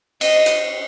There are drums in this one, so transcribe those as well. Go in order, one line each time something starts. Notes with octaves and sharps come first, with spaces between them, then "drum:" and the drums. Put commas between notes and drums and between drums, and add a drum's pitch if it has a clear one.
D#5, drum: cymbal
drum: hi-hat